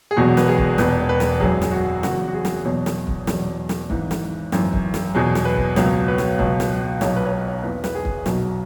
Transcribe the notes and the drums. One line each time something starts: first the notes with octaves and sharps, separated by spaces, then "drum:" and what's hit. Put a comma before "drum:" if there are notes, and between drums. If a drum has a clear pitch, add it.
G#4
E1 E2 B2 F#3 F#4
B4, drum: snare
G#4
drum: kick
E1 E2 B2 B4, drum: snare
B4
drum: snare
G#1 F#2 F#3 G#4, drum: kick
drum: snare
F#4
E2 C#3 F#3 F#4, drum: snare
F#4
G#4
drum: snare
E2 B2 F#3 C#5
drum: snare
drum: kick
E2 B2 F#3, drum: snare
drum: snare
G#1 G#2 E3, drum: kick
drum: snare
G#1 F#2 E3, drum: snare
drum: kick
drum: snare
E2 B2 F#3 G#4
drum: snare
B4
drum: kick
C#2 B2 F#3 C#5, drum: snare
B4
drum: snare
C#2 B2 F#3, drum: kick
drum: snare
B1 B2 F#3 C#5, drum: snare
B4
C#5
B4
C#5
E2 E3 B4
B4, drum: snare
G#4
drum: kick
B1 B2 F#3 F#4, drum: snare